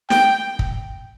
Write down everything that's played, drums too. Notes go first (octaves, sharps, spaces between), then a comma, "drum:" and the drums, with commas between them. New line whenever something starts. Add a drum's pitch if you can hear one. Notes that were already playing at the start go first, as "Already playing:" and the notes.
G5, drum: snare
drum: kick